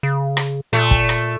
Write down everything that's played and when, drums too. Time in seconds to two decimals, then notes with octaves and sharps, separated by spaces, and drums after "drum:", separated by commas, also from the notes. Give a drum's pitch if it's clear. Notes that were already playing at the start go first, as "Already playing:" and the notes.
0.03 C#3
0.37 drum: rim click
0.73 A#2 A3
0.91 drum: kick
1.09 drum: rim click